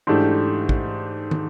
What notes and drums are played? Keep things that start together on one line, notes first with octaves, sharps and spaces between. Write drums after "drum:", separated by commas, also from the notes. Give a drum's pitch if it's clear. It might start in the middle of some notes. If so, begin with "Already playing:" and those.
G#2 E3 A3 D4 G4
drum: kick
drum: tom